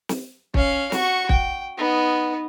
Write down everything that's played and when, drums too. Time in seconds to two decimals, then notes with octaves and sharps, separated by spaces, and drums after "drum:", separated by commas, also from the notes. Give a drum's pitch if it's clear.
0.09 drum: snare
0.54 C#4 F5, drum: kick
0.92 F#4 C#6, drum: snare
1.29 G5, drum: kick
1.78 B3 D#4